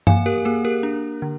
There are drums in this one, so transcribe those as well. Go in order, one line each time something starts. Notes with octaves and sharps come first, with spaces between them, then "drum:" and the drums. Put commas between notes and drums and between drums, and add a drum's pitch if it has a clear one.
A#3 F5 G#5, drum: tom G2
G4 A#4
A#3 G#4
G4 A#4
D4
D3